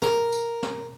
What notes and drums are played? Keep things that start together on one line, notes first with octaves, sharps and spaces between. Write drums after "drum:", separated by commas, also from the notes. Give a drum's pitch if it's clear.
A#4, drum: snare
drum: tambourine
drum: snare